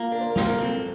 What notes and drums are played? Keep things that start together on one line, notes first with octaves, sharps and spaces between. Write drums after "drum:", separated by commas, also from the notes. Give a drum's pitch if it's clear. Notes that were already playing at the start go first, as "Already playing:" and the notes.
Already playing: A#3 F4
D4 A#4
C5
A#4
A#3 C5, drum: snare
A#4
C4 A4